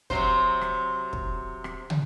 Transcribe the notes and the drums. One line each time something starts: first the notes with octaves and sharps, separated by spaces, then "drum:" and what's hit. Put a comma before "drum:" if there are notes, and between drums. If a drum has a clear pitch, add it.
C3 F#3 C5, drum: kick
drum: rim click
drum: kick
drum: rim click
drum: tom